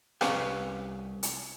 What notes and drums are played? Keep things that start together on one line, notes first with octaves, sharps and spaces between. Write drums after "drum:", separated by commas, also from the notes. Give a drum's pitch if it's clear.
C2 C#4 G4 B4 F5 G#5, drum: rim click
drum: hi-hat